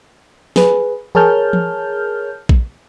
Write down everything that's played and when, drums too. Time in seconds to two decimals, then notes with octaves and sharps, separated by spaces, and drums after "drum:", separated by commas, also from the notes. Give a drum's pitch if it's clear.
0.56 G#4 B4, drum: snare
1.15 G#4 A#4 C#5 A5 F6 G6, drum: tom E3
1.53 drum: tom E3
2.49 drum: kick A#1